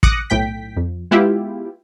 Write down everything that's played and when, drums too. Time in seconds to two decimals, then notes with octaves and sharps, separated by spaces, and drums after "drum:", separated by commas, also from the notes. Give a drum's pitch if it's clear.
0.03 D6 D#6 F#6 A#6 C#7, drum: kick
0.30 B1 A2 G5 B6
0.77 F2
1.11 G#3 B3 E4 F4 G4